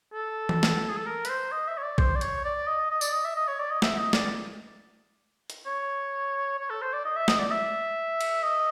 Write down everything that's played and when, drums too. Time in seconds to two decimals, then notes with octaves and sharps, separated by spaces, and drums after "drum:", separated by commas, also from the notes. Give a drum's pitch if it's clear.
0.14 A4
0.49 drum: tom E3
0.63 drum: snare
0.89 G#4
0.97 A4
1.06 A#4
1.25 B4, drum: hi-hat
1.29 C5
1.51 D#5
1.67 E5
1.78 C#5
1.83 D5
1.98 C5, drum: kick
2.15 D5
2.21 C#5, drum: hi-hat
2.44 D5
2.67 D#5
2.90 D#5
3.01 D5, drum: tambourine
3.13 D#5
3.25 E5
3.36 D#5
3.48 C#5
3.59 D5
3.71 D#5
3.82 E5, drum: snare
3.97 D#5
4.13 D5, drum: snare
5.50 drum: hi-hat
5.66 C#5
6.59 C#5
6.70 A4
6.82 C5
6.93 D5
7.05 D#5
7.16 E5
7.28 D#5, drum: snare
7.39 D5
7.51 E5
8.21 drum: cymbal
8.43 D#5